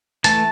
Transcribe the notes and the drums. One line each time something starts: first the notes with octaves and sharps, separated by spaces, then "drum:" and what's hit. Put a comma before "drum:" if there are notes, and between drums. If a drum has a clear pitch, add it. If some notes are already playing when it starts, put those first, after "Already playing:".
E3 A3 A5, drum: hi-hat